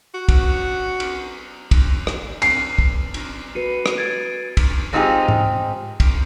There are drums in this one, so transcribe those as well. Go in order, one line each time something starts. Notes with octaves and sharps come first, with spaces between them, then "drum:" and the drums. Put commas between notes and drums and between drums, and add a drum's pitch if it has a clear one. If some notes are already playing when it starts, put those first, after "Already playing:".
F#4
drum: kick, cymbal
drum: cymbal
drum: kick, cymbal
drum: rim click
C7, drum: cymbal
drum: kick
drum: cymbal
F#4 B4 C7 C#7 D#7
drum: rim click
G#6 A6 D7
drum: kick, cymbal
G#3 C4 D#4 F4 G4 G#4
drum: tom G#2
drum: kick, cymbal